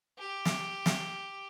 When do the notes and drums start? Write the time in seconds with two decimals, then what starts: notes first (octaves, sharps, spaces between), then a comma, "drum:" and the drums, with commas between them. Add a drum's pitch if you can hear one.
0.19 G4
0.45 drum: snare
0.86 drum: snare